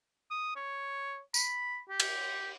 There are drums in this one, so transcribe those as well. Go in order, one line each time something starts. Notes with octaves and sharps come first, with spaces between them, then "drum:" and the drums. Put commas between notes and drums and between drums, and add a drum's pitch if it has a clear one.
D#6
C#5
B5, drum: tambourine
G4
drum: cymbal